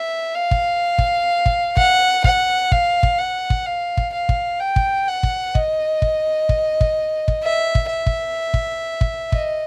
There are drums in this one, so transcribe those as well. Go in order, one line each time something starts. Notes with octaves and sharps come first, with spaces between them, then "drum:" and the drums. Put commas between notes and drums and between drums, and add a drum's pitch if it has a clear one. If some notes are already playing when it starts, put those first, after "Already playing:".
Already playing: E5
F5
drum: kick
drum: kick
drum: kick
F#5, drum: kick
F#5, drum: kick
F5, drum: kick
drum: kick
F#5
drum: kick
F5
drum: kick
F5
drum: kick
G5
drum: kick
F#5
drum: kick
D#5, drum: kick
drum: kick
drum: kick
drum: kick
drum: kick
E5
drum: kick
E5
drum: kick
drum: kick
drum: kick
D#5, drum: kick